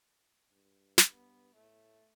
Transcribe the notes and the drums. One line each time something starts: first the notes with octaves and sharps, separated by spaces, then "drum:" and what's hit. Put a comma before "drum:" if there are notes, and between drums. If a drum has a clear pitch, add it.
G2
drum: snare
B3
A2 A3